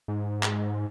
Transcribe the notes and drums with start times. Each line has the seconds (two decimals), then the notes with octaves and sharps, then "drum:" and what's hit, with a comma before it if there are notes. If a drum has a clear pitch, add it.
0.08 G#2
0.43 drum: clap